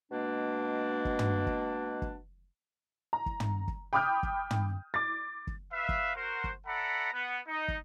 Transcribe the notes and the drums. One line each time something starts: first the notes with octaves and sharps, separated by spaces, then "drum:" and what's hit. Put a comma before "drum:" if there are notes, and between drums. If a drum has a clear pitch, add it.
B2 G#3 A#3 D4
drum: kick
drum: tom
drum: kick
drum: kick
A#5
drum: kick
drum: tom
drum: kick
G5 B5 D6 D#6 F6 G6
drum: kick
drum: tom
D6 A6
drum: kick
B4 E5 F5
drum: kick
F#4 A#4 C5
drum: kick
A4 D5 E5 F#5 A#5 B5
B3
D#4
drum: kick